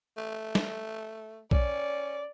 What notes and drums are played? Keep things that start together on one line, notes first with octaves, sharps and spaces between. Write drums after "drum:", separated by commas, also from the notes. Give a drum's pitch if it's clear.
A3
drum: snare
C#4 D5, drum: kick